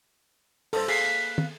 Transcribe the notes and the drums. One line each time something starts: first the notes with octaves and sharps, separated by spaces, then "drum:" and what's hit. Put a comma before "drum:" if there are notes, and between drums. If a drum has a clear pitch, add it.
G2 F3 A4 C5, drum: open hi-hat
A#3 G#4 B4 F5, drum: cymbal
drum: tom